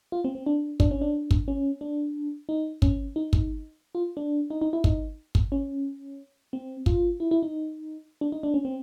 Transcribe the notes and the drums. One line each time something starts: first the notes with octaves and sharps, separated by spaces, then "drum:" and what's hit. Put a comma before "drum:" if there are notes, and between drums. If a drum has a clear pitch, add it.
F4
C4
C4
D4
D4, drum: kick
C#4
D4
drum: kick
C#4
D4
D#4
C#4, drum: kick
D#4
drum: kick
F4
D4
D#4
D#4
E4
D#4, drum: kick
drum: kick
C#4
C4
F4, drum: kick
E4
E4
D#4
D4
D#4
D4
C#4
C4